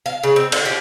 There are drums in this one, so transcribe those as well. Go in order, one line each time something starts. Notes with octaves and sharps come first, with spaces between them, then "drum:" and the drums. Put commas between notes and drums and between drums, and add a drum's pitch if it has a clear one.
F5
C#3
C4
D3, drum: cymbal
G4